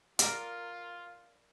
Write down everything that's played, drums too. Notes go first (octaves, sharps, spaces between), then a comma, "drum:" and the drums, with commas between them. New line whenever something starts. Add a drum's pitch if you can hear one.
F4 A#4 D5, drum: hi-hat